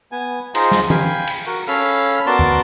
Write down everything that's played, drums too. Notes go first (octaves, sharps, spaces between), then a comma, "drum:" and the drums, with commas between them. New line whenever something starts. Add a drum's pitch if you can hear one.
B3 G#5
D#4 F4 G#4 C5 A#5, drum: cymbal
drum: snare
F5 G5 G#5 B5, drum: tom E3
drum: cymbal
F#4 A#4 F#5
C#4 A4 F5 B5 F6
B3 F#4 A#4 D5 A5 C6
drum: tom E2